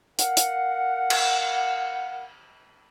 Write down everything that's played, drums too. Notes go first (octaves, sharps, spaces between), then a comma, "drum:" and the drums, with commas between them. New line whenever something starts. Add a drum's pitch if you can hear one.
A#4 F5 F#5, drum: hi-hat
drum: hi-hat
drum: cymbal